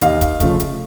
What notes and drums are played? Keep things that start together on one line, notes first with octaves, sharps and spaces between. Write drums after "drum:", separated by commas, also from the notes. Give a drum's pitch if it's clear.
D#2 D#5 F5, drum: hi-hat
drum: kick, hi-hat
C#3 F3 A3, drum: kick, hi-hat
drum: hi-hat